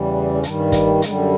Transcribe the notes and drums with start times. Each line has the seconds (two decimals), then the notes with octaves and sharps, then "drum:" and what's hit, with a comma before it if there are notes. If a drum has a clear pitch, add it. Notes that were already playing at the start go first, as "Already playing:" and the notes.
Already playing: E2 C#3 E3 G3
0.34 C#4
0.43 G2 D#3 G3 D4, drum: hi-hat
0.58 C#4
0.72 A#3, drum: kick, hi-hat
0.87 A3
1.02 F#2 D3 G3 G#3, drum: hi-hat